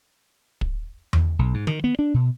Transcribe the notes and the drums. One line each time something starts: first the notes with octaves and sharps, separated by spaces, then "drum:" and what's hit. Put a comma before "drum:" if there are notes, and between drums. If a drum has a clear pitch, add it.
drum: kick
drum: tom E2
B1
G#2
D#3, drum: tom D#3
B3
D4
B2